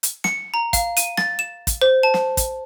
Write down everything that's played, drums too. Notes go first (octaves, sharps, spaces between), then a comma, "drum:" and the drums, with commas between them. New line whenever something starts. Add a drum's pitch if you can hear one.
drum: hi-hat
C#7, drum: snare
A#5
F5, drum: kick, hi-hat
D#7, drum: hi-hat
A6, drum: snare
E7
drum: kick, hi-hat
C5
A5
drum: snare
drum: kick, hi-hat